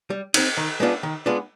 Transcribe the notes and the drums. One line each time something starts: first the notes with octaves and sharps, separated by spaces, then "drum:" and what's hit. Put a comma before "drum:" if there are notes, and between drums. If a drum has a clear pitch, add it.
G3
C4 D#4, drum: cymbal
D#3
G#3 B3 D4 F4
D#3
G#3 B3 D4 F4